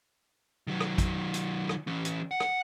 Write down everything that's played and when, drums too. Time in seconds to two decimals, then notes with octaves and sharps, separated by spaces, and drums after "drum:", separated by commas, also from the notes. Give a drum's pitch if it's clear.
0.67 D#3 F#3
0.81 drum: rim click
0.98 drum: kick, hi-hat
1.34 drum: hi-hat
1.69 drum: rim click
1.87 E3 C#4
2.05 drum: hi-hat
2.31 F#5
2.40 drum: rim click